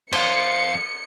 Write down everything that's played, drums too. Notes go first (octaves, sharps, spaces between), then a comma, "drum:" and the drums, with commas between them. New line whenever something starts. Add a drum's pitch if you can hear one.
F2 C5 F5 C#7, drum: cymbal